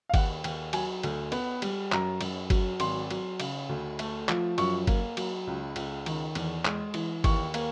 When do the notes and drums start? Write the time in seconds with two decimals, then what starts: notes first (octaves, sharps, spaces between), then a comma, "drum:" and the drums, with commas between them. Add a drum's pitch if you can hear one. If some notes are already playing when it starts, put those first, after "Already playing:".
0.09 F5
0.14 D#2 F#5, drum: kick G1, cymbal
0.44 D#2 G5, drum: cymbal
0.73 F#3 G#5, drum: cymbal
1.03 D2, drum: cymbal
1.32 B3, drum: cymbal
1.62 G3, drum: cymbal
1.92 F#2 A#5, drum: clap
2.21 F#2, drum: cymbal
2.50 F#3, drum: kick G1, cymbal
2.80 G#1 C6, drum: cymbal
3.10 F#3, drum: cymbal
3.40 C#3, drum: cymbal
3.69 D2
3.99 A3, drum: cymbal
4.29 F3, drum: clap
4.58 F#2 C#6, drum: cymbal
4.87 A#3, drum: kick G1, cymbal
5.17 F#3, drum: cymbal
5.47 C#2
5.76 C#2, drum: cymbal
6.06 D#3, drum: cymbal
6.35 E2, drum: cymbal
6.65 G#3, drum: clap
6.94 E3, drum: cymbal
7.24 D#2 C#6, drum: kick G1, cymbal
7.54 A#3, drum: cymbal